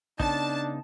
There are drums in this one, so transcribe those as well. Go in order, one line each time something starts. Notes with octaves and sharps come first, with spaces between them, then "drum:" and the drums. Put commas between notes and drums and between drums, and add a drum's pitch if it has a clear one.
C#3 B3 D4 D#4 A5, drum: kick